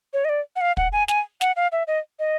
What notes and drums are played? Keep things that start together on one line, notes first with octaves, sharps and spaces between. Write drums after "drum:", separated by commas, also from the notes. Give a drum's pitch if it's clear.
C#5
D#5
D5
F#5
F5
F#5, drum: kick
G#5
G#5, drum: snare
F#5, drum: snare
F5
E5
D#5
D#5